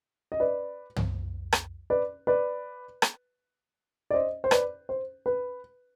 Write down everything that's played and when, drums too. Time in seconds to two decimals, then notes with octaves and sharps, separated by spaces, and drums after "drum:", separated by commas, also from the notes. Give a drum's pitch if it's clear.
0.32 D#5
0.40 B4 D5
0.96 drum: tom
1.52 drum: rim click
1.90 B4 D5
2.27 B4 D5
3.02 drum: rim click
4.11 D5
4.14 C5 D#5
4.44 C5
4.51 B4 D5, drum: rim click
4.89 C5
5.26 B4